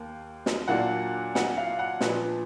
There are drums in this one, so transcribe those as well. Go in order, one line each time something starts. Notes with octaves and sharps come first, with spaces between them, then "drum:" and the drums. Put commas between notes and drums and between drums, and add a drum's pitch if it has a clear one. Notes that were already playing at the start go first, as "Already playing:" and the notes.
Already playing: D#2 A#3
drum: snare
A#2 F#3 A#3 D4 F#5
F#5, drum: snare
F5
F#5
A#2 F3 B3 D4, drum: snare